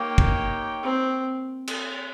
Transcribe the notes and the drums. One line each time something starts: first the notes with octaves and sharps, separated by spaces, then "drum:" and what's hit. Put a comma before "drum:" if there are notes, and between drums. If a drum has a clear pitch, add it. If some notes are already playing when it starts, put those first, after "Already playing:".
Already playing: A#3 D#4 G4 C#5 G5
drum: kick
C4
drum: cymbal